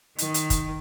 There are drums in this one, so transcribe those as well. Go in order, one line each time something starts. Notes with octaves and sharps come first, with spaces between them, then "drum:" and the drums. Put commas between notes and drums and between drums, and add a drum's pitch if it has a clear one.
D#3, drum: hi-hat
drum: hi-hat
drum: kick, hi-hat